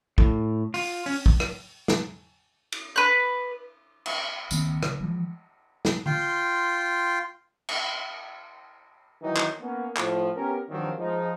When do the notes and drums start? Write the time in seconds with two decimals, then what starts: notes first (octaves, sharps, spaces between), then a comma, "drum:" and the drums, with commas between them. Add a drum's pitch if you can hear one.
0.18 A2, drum: kick
0.74 F4, drum: open hi-hat
1.06 C#4, drum: open hi-hat
1.26 drum: kick
1.40 drum: rim click
1.88 drum: snare
2.72 drum: cymbal
2.96 B4 F#6
4.06 drum: cymbal
4.51 C#2 D#3 A#3 C4, drum: tambourine
4.83 C#3, drum: rim click
5.01 E3 F3 G#3
5.85 drum: snare
6.06 F4 G5 C6, drum: tom D3
7.69 drum: cymbal
9.22 D#3 E3 F#3 D#4
9.37 drum: clap
9.61 A#3 B3 C#4
9.97 A2 F3, drum: clap
10.35 B3 C#4 G4 A#4
10.69 G2 D#3 F3 F#3 A#3 C4
10.98 F3 G#3 D#4